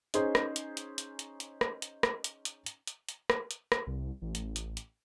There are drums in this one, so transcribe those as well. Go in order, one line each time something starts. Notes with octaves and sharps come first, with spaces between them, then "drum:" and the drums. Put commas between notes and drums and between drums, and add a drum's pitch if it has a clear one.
C#4 D#4 G#4 C5, drum: hi-hat
drum: rim click
drum: hi-hat
drum: hi-hat
drum: hi-hat
drum: hi-hat
drum: hi-hat
drum: rim click
drum: hi-hat
drum: rim click
drum: hi-hat
drum: hi-hat
drum: hi-hat
drum: hi-hat
drum: hi-hat
drum: rim click
drum: hi-hat
drum: rim click
C2
A1
drum: hi-hat
drum: hi-hat
drum: hi-hat